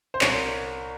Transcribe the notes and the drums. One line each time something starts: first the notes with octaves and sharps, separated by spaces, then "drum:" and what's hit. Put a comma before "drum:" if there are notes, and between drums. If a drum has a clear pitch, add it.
C5
C2 C#5, drum: clap